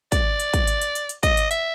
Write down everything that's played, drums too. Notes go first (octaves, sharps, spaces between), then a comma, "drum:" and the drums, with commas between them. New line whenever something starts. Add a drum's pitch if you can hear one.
D5, drum: kick, hi-hat
drum: hi-hat
drum: kick, hi-hat
drum: hi-hat
drum: hi-hat
drum: hi-hat
drum: hi-hat
D#5, drum: kick, hi-hat
drum: hi-hat
E5, drum: hi-hat